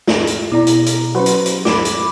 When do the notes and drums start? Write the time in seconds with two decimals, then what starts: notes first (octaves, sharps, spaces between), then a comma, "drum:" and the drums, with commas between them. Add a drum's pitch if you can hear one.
0.07 drum: snare
0.27 drum: hi-hat
0.52 B2 E4 D5 A#5
0.67 drum: hi-hat
0.86 drum: hi-hat
1.15 F#3 C#4 F#4 B4 C5
1.26 drum: hi-hat
1.46 drum: hi-hat
1.65 B5 D6, drum: snare
1.85 drum: hi-hat